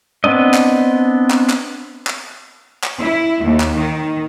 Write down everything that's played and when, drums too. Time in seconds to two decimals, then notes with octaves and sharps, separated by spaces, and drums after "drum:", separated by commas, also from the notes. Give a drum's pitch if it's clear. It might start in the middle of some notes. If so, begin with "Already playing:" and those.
0.24 B3 C4 D4 D#5
0.54 drum: clap
1.30 drum: clap
1.50 drum: clap
2.07 drum: clap
2.84 drum: clap
2.99 E4
3.41 D#2
3.60 drum: clap
3.76 D#3